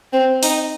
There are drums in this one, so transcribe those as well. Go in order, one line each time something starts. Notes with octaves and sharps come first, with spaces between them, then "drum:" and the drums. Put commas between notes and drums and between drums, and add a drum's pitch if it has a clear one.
C4
D#4, drum: open hi-hat